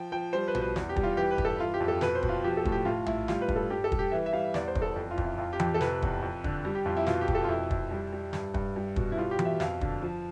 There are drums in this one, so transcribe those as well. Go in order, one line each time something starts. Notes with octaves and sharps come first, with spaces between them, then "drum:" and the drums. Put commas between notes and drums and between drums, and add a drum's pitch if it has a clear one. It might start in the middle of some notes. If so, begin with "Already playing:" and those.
Already playing: F3 G5
F3 G5
G3 C5
B4
B2, drum: tom A#1
B4
E2, drum: snare
G4
G3, drum: kick
F4
E3 G4
B4
G2, drum: kick
A4
E3 F4
G4
F2
A4
B2 B4, drum: snare
C5
B2, drum: kick
F4
F3 G4
A4
A2, drum: kick
G4
A2 F4
A2 E4, drum: tom A#1
G3 F4, drum: snare
B4
G2, drum: kick
A4
G3 G4
A4
G3, drum: kick
G4
E3 E5
E5
G3 F5
E2 D5, drum: snare
C5
E2, drum: kick
A4
F2
F4
F2, drum: kick
E4
F2 F4
G4
F2, drum: tom E3
G4
A4
C3 B4, drum: snare
E2, drum: kick
F2
D3, drum: kick
G3
G4
F2 F4
E4
B2 F4, drum: snare
G4
B2, drum: kick
A4
F4
F2 E4
F2, drum: kick
G3
G3
G2, drum: snare
G2, drum: kick
G3
B2, drum: kick
E4
G3 F4
G4
B2, drum: tom E3
E5
F2 F5, drum: snare
D3, drum: kick
F3